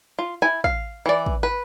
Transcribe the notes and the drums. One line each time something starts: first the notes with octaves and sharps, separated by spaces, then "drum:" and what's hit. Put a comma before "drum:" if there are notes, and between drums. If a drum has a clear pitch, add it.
F4
E4 G#5
F5, drum: kick
E3 D5
drum: kick
B4